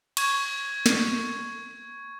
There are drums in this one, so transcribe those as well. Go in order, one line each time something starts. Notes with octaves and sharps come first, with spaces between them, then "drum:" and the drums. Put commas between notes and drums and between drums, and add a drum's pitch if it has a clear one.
C#6 G#6, drum: cymbal
drum: snare